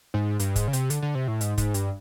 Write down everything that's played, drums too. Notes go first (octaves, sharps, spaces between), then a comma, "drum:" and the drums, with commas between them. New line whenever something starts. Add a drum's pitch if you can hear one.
G#2
G2, drum: hi-hat
G#2, drum: kick, hi-hat
C#3
C3, drum: hi-hat
D3, drum: hi-hat
D3
C3
A2
G#2, drum: hi-hat
G#2, drum: kick, hi-hat
G2, drum: hi-hat